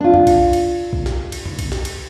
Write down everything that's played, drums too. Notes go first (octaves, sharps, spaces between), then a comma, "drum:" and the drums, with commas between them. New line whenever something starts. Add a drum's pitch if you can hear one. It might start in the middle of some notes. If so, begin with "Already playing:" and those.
D4 F4
drum: tom F2
drum: kick A#1, cymbal
drum: cymbal
drum: kick A#1
drum: snare
drum: cymbal
drum: tom F2
drum: kick A#1, cymbal
drum: snare
drum: cymbal